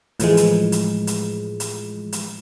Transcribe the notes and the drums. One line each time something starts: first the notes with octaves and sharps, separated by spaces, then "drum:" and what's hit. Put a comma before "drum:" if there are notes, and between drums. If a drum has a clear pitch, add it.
A2 E3 F3 G#3, drum: hi-hat
drum: hi-hat
drum: hi-hat
drum: hi-hat
drum: hi-hat
drum: hi-hat